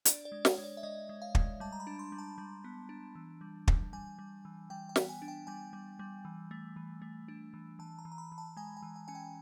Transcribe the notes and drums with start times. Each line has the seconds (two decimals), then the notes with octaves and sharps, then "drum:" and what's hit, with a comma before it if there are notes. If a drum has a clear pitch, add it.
0.05 D4 D5, drum: hi-hat
0.25 D5
0.32 G#3
0.45 C#5, drum: snare
0.58 G#3
0.64 D5
0.77 E5
0.83 G#3 D#5
1.09 G#3
1.22 F5
1.35 G#3, drum: kick
1.60 G3 A5
1.72 A#5
1.80 B5
1.87 D4
1.99 C6
2.12 G3
2.18 A5
2.38 G3
2.64 B3
2.89 D4
3.15 E3
3.41 G3
3.68 G3, drum: kick
3.93 G3 G#5
4.19 G3
4.45 E3
4.70 G3 G5
4.89 G5
4.96 B3, drum: snare
5.09 G#5
5.22 D4
5.28 G5
5.47 G3 G#5
5.73 G3
5.99 G3
6.25 E3
6.51 A3
6.76 E3
7.02 A3
7.28 D4
7.54 E3
7.79 E3 A5
7.99 A#5
8.05 E3
8.12 A#5
8.18 B5
8.32 E3
8.38 A5
8.57 G#3 G#5
8.77 G#5
8.82 E3
8.96 G#5
9.08 C#4 G#5
9.15 G5